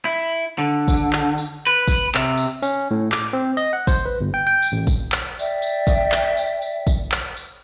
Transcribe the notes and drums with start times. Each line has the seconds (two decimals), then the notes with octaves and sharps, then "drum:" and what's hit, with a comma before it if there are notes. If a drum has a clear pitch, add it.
0.05 E4
0.58 D3
0.88 drum: kick, tambourine
1.13 drum: clap
1.38 drum: tambourine
1.67 B4
1.88 drum: kick, tambourine
2.15 C3, drum: clap
2.37 drum: tambourine
2.62 C#4, drum: tambourine
2.91 A2
3.12 D6, drum: clap
3.33 C4
3.57 D#5
3.73 F#5
3.87 C5, drum: kick, tambourine
4.05 B4
4.21 G1
4.34 G5
4.47 G5
4.62 drum: tambourine
4.72 A1
4.87 drum: kick, tambourine
5.12 drum: clap
5.39 D5 E5 G5, drum: tambourine
5.62 drum: tambourine
5.87 drum: kick, tambourine
6.12 drum: clap
6.37 drum: tambourine
6.62 drum: tambourine
6.87 drum: kick, tambourine
7.12 drum: clap
7.37 drum: tambourine